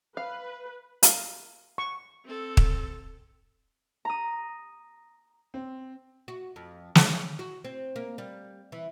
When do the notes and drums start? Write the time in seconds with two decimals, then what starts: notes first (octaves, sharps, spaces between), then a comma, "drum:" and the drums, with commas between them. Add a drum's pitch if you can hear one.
0.17 B4 F5
1.03 F5, drum: hi-hat
1.78 C#6
2.25 C4 A4
2.57 drum: kick
4.05 A#5 D#6
5.54 C4
6.28 F#4
6.56 F2
6.95 C#4, drum: snare
7.39 F#4
7.64 C4
7.96 A#3
8.18 G3
8.72 E3